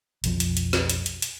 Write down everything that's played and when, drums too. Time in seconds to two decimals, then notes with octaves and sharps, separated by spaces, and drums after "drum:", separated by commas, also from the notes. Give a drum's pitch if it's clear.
0.24 B1 F2 F3, drum: hi-hat
0.40 drum: hi-hat
0.57 drum: hi-hat
0.73 drum: snare
0.90 drum: hi-hat
1.06 drum: hi-hat
1.22 drum: hi-hat